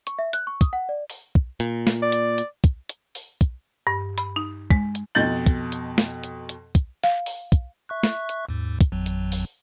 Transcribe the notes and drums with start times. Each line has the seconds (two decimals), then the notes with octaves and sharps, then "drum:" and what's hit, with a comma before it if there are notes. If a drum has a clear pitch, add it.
0.07 C#6, drum: hi-hat
0.19 E5
0.33 F#6, drum: hi-hat
0.47 C#6
0.61 D#6, drum: kick, hi-hat
0.73 F#5
0.89 D5
1.10 drum: open hi-hat
1.35 drum: kick
1.60 A#2, drum: hi-hat
1.87 drum: snare
2.02 D5
2.12 drum: hi-hat
2.38 drum: hi-hat
2.64 drum: kick, hi-hat
2.89 drum: hi-hat
3.15 drum: open hi-hat
3.41 drum: kick, hi-hat
3.87 G2
4.18 B5, drum: hi-hat
4.36 D#4
4.70 G#3, drum: kick
4.95 drum: hi-hat
5.15 F2 B2 D#5 G6 A6 F#7
5.46 drum: kick, hi-hat
5.72 drum: hi-hat
5.98 drum: snare
6.24 drum: hi-hat
6.49 drum: hi-hat
6.75 drum: kick, hi-hat
7.04 F5, drum: hi-hat
7.26 drum: open hi-hat
7.52 drum: kick, hi-hat
7.89 E5 C#6 F#6
8.03 drum: snare
8.29 drum: hi-hat
8.49 D#2 G#2
8.81 drum: kick, hi-hat
8.92 G#1 F2 F#3
9.06 drum: hi-hat
9.32 drum: open hi-hat